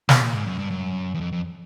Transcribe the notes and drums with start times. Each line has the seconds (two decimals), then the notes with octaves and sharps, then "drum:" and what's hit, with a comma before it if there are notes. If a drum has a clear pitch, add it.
0.09 B2, drum: snare
0.22 A#2
0.33 G#2
0.47 F#2
0.59 G2
0.71 F#2
1.15 E2
1.21 F2
1.32 F2